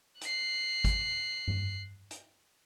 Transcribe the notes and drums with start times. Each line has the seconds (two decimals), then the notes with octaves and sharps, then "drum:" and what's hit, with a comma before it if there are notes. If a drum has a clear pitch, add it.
0.21 F#6 C7, drum: hi-hat
0.84 drum: kick G#1, hi-hat
1.48 drum: tom G2
2.11 drum: hi-hat